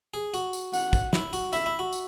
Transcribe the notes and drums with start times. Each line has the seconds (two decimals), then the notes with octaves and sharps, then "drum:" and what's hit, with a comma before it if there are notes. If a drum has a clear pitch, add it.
0.14 G#4
0.34 F#4, drum: tambourine
0.53 drum: tambourine
0.73 F#5, drum: tambourine
0.93 drum: kick, tambourine
1.13 E4, drum: snare
1.33 F#4, drum: tambourine
1.53 E4 E5, drum: tambourine
1.66 E4
1.79 F#4
1.93 drum: tambourine